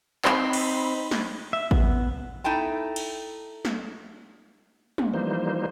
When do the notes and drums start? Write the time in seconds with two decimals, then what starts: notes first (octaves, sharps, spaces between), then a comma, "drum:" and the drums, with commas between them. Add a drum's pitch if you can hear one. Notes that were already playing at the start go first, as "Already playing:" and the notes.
0.25 C4 D#4 B5 C6, drum: clap
0.53 drum: cymbal
1.11 drum: snare
1.53 E5
1.71 B3, drum: kick A1
2.44 A3 D#4 E4 G5 A5
2.96 drum: cymbal
3.65 drum: snare
4.98 drum: tom
5.14 E3 F3 G3 A#3 D#4 C5